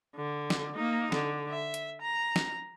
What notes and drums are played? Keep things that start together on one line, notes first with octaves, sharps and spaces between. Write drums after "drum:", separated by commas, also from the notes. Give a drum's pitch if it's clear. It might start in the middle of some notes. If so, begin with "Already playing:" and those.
D3
drum: snare
A#3 D#4
D3, drum: snare
E5
drum: hi-hat
A#5
drum: snare